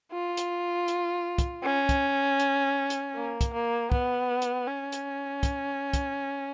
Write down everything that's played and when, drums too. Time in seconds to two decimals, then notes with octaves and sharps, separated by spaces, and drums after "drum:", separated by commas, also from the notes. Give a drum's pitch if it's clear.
0.12 F4
0.37 drum: hi-hat
0.88 drum: hi-hat
1.38 drum: kick, hi-hat
1.64 C#4
1.89 drum: kick, hi-hat
2.40 drum: hi-hat
2.90 drum: hi-hat
3.15 A#3
3.41 drum: kick, hi-hat
3.53 A#3
3.92 B3, drum: kick
4.42 drum: hi-hat
4.67 C#4
4.92 drum: hi-hat
5.43 drum: kick, hi-hat
5.93 drum: kick, hi-hat